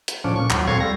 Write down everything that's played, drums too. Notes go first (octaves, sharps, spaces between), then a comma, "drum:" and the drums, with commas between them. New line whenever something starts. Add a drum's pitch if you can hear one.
drum: hi-hat
A2 F3 C#4 D4
A#2 C#6
D#2 F#3, drum: clap
A#2 C4 A4 F5 C#6 G#6
G3 A#6